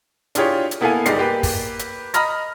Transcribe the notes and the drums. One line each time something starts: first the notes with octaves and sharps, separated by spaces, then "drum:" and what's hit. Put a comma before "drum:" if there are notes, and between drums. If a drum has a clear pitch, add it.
D4 E4 F4 G4 G#4 C#5, drum: hi-hat
drum: hi-hat
A#3 B3 E4 A4 F5 G#5
G1 G#3 D#4 G4 D5 C7, drum: hi-hat
A#3 G4 B4
drum: kick, open hi-hat
drum: hi-hat
D#5 A#5 B5 F6 A#6, drum: hi-hat